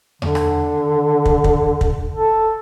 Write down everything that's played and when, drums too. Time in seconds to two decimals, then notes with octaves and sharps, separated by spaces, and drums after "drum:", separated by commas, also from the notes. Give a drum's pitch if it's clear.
0.22 D3, drum: tom E2
0.35 drum: rim click
1.25 drum: kick
1.44 drum: kick
1.81 drum: kick
2.12 A4